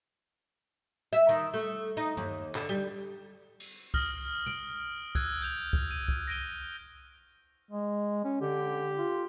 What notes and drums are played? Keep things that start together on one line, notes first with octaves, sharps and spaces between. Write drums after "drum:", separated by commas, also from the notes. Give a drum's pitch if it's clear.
E5
D#3
A3
D#4
D#2, drum: tom
D3, drum: clap
G3
drum: cymbal
D#6 F6 A#6 G7, drum: kick C2
D7, drum: tom
E6 F#6 G#6 D#7, drum: kick C2
G6 F7
drum: kick C2
D#7
drum: kick C2
A#6 D7 D#7 G7
G#3
C#4
D3 G4
F4